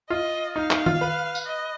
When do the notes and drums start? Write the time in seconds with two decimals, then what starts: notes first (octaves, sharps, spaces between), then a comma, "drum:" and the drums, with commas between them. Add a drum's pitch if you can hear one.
0.10 F4 D#5
0.56 D#4 F5
0.71 D#4, drum: clap
0.86 F4, drum: tom D#3
1.01 B4
1.35 drum: tambourine
1.46 D#5